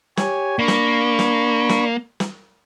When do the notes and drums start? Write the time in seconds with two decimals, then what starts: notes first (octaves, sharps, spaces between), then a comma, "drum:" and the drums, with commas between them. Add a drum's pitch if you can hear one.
0.17 G4 C#5 G#5, drum: snare
0.59 A#3 D4 B5 C#6
0.68 drum: snare
1.19 drum: snare
1.69 drum: snare
2.20 drum: snare